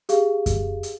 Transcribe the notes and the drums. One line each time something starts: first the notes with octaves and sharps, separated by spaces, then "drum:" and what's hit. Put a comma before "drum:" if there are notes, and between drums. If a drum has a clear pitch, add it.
G4 G#4 F5, drum: hi-hat
drum: kick F#2, hi-hat
drum: hi-hat